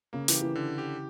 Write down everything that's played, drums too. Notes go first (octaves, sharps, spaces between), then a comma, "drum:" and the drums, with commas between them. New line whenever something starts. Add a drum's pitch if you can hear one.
C#3 A#3
E3, drum: hi-hat
G4
E3
D3
G4